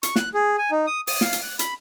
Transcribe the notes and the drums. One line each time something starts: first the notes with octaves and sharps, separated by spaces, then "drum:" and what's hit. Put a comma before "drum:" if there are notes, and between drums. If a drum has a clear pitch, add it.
C#6, drum: hi-hat
F#6, drum: snare
G#4
G#5
D#4
D#6
D#6, drum: open hi-hat
F5, drum: snare
drum: hi-hat
F#6
B5, drum: hi-hat